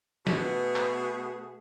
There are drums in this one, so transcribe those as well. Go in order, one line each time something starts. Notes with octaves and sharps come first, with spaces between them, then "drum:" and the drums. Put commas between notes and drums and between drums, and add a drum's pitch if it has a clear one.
B2 A3 B3 G#4, drum: snare
drum: clap